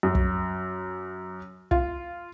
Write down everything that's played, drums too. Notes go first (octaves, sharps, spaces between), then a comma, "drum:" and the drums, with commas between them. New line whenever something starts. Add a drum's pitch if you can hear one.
F#2
drum: kick
F4, drum: kick